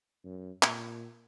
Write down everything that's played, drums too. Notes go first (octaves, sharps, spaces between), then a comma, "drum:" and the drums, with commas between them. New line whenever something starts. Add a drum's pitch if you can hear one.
F#2
A#2, drum: clap